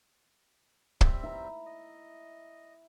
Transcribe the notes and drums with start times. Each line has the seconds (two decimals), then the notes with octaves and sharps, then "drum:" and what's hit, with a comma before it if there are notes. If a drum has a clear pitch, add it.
1.01 G3 C4 E5, drum: kick
1.23 E4 A#5
1.66 D#5